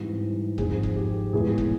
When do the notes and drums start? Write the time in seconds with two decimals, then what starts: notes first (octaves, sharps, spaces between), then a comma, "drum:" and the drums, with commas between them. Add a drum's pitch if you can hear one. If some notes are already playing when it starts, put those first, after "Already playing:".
Already playing: G#2 E3 G3 C4
0.58 G#2 F3 G#3 C4 G#4, drum: kick
0.83 drum: kick
0.96 G4
1.33 A2 E3 G#3 B3 G#4
1.58 drum: kick